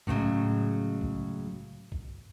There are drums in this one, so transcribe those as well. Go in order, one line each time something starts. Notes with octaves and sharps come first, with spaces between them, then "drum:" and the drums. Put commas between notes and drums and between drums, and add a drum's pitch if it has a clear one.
A2 C#3 F3 F#3 G#3, drum: kick
drum: kick
drum: kick